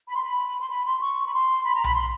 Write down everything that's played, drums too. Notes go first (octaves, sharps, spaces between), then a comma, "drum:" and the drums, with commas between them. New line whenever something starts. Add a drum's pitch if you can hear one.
B5
C6
B5
C6
B5
C6
C#6
B5
C6
B5
A#5
B5, drum: tom B1
C6